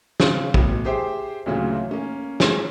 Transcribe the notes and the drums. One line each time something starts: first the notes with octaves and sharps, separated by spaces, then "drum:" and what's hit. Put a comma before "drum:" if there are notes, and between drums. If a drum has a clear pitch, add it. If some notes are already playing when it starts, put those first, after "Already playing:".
C#3, drum: snare
A1 B2, drum: kick
G4 G#4 C5 E5 G5
D2 A#2 C#3 E3 F#3
A#3 C#4
G#3 C#5, drum: snare